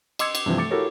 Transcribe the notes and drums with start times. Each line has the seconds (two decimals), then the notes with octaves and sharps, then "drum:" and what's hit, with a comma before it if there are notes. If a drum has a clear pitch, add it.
0.19 D#5 C6 D6 E6 G#6 C#7, drum: cymbal
0.35 drum: cymbal
0.46 G2 C3 E3 F3
0.58 A3 D6 A6 C#7
0.71 E4 F#4 G4 A4 A#4 C#5